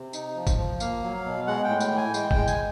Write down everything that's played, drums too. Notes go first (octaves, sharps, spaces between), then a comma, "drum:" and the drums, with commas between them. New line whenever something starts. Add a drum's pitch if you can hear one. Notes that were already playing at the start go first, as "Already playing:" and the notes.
Already playing: C3
D#4, drum: tambourine
F3
drum: kick, tambourine
F3
A#3 F5, drum: tambourine
F#3
B2
G#3 F#5
G5
A2
G5, drum: tambourine
E3
G#5
G#3 G5, drum: tambourine
G5, drum: kick
G#3
G#5, drum: tambourine